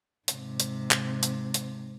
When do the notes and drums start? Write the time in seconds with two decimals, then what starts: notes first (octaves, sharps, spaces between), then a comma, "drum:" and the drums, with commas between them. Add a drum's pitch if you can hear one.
0.28 G#2 C3, drum: hi-hat
0.60 drum: hi-hat
0.91 drum: clap
1.23 drum: hi-hat
1.54 drum: hi-hat